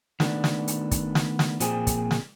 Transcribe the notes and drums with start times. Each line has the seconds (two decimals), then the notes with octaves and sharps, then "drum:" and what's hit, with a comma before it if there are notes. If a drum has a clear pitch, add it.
0.20 D#3 A3 B3 D4, drum: snare
0.44 drum: snare
0.68 drum: hi-hat
0.91 drum: kick, hi-hat
1.15 drum: snare
1.39 drum: snare
1.60 A#2 F3 C4 G#4, drum: hi-hat
1.87 drum: kick, hi-hat
2.11 drum: snare